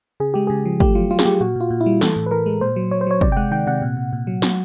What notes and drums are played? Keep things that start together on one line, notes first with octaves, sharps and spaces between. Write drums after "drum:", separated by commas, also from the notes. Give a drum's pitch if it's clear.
C#3 G#4
G#3 G4
C#3 G#4
F3
A3 G4, drum: kick
F#3 F4
F#3 F4
G#4, drum: snare
F#3 G4
A#2 F#4
A#2 F4
A#2
E4
G3
E3 A4, drum: snare
A2
B4
E3 A#4
G#3
A#2 C5
F#3
F#3 C#5
C5
F#3 C#5
C3 D5, drum: kick
G5
G#3 F#5
D#3 G5
C3 F#5
A#2
A#2
A#2
F#3
F#3, drum: snare